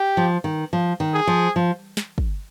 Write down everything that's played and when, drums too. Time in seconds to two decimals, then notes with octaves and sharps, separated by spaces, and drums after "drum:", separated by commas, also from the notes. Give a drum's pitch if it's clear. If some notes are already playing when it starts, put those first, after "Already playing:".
Already playing: G4
0.17 F3
0.44 D#3
0.73 F3
1.00 D#3
1.14 G#4
1.27 F3
1.56 F3
1.97 drum: snare
2.18 drum: kick